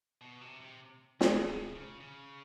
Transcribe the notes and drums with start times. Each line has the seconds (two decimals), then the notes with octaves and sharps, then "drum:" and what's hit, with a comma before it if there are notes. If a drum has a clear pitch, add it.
0.21 B2
0.41 C3
0.61 C3
1.21 B2 G#4, drum: snare
1.47 C3
1.75 C#3
2.00 C#3